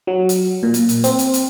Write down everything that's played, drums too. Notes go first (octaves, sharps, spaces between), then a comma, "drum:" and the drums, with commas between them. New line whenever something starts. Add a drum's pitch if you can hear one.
F#3
drum: hi-hat
A#2
drum: hi-hat
drum: hi-hat
C4, drum: hi-hat
drum: hi-hat
drum: hi-hat